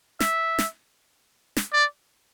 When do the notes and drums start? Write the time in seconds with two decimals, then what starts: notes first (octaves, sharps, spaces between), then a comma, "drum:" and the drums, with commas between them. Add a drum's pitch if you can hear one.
0.20 E5, drum: snare
0.58 drum: snare
1.57 drum: snare
1.73 D5